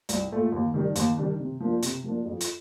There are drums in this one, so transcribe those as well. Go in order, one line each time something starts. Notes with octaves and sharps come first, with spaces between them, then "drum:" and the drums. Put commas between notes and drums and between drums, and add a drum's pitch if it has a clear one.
C2, drum: hi-hat
A#2 A3
D#2
D#3 G3 D4
D#2, drum: hi-hat
D#3 G3 D4
C3
F3 A#3 D4
C3, drum: hi-hat
F3 A#3 D4
F2
drum: hi-hat